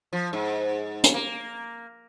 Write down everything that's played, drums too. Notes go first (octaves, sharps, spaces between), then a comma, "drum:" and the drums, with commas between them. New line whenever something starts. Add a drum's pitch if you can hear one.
F3
G#2
drum: hi-hat
A#3